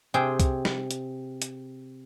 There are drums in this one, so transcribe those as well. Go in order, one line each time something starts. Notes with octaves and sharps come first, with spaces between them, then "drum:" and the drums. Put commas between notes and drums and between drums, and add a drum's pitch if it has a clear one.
C3 G#4 G5
drum: kick, hi-hat
drum: snare
drum: hi-hat
drum: hi-hat